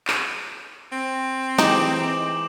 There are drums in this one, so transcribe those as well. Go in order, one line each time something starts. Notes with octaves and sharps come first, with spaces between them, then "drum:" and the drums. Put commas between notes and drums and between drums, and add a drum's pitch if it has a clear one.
drum: clap
C4
E3 D#4 G4 G#4 D6 E7 F#7, drum: snare